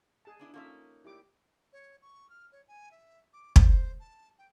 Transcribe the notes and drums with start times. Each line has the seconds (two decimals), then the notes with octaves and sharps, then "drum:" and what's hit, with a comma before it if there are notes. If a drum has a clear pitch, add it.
0.25 G#4 A5
0.39 B3 D4 E4
0.54 A#3 C#4 D#4 F4 A4 E5
1.04 E4 G4 D6
1.73 C#5
2.02 C#6
2.30 F6
2.52 C#5
2.68 G#5
2.91 E5
3.33 D6
3.56 C5, drum: kick
4.00 A5
4.38 G5